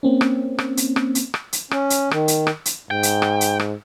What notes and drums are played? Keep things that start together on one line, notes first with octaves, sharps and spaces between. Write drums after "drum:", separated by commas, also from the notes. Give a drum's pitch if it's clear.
A#3 C4 C#4
drum: rim click
drum: rim click
drum: hi-hat
drum: rim click
drum: hi-hat
drum: rim click
drum: hi-hat
C#4, drum: rim click
drum: hi-hat
D#3, drum: rim click
drum: hi-hat
drum: rim click
drum: hi-hat
G#2 G5
drum: hi-hat
drum: rim click
drum: hi-hat
drum: rim click